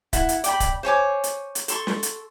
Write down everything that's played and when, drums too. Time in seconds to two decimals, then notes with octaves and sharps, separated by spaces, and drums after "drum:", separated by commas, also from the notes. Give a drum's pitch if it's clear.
0.13 E4 F#5, drum: kick C#1, hi-hat
0.29 drum: hi-hat
0.44 D5 G5 B5, drum: hi-hat
0.60 drum: kick C#1, hi-hat
0.83 C5 C#5 G#5 D6
1.24 drum: hi-hat
1.55 drum: hi-hat
1.68 A4 C6 C#6, drum: hi-hat
1.87 drum: snare
2.03 drum: hi-hat